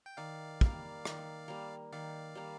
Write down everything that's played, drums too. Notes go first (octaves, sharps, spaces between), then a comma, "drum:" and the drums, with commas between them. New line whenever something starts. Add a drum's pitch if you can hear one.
G5
D#3 D5 F5
G3 A#3, drum: kick
D#3, drum: rim click
G3 A#3
D#3 D5 F5
G3 A#3